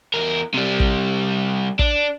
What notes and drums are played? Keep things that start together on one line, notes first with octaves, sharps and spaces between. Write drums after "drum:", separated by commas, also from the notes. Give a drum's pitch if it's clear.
E2 A#4
C3 G3
drum: kick
D4, drum: kick